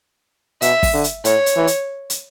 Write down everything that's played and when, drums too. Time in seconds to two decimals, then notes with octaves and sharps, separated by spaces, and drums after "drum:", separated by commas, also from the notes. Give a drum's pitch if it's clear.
0.62 B2 E5, drum: hi-hat
0.83 drum: kick, open hi-hat
0.94 D3
1.04 drum: hi-hat
1.25 A2 C#5, drum: hi-hat
1.46 drum: hi-hat
1.56 E3
1.67 drum: hi-hat
2.10 drum: hi-hat